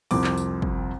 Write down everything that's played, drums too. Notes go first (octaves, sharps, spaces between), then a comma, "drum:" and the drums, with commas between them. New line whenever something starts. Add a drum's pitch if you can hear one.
C2 F2 C4 D6, drum: open hi-hat
drum: clap
drum: tambourine
drum: kick